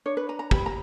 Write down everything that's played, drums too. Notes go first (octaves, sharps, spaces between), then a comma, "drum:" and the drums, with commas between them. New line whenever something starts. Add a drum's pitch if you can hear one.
D4 C#5
B4
B4 A#5
A#5
G4 B5, drum: kick
A#5